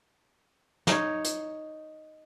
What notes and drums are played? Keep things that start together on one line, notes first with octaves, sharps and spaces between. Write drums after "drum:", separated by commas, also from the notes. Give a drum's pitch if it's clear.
D#4 C#5, drum: snare
drum: hi-hat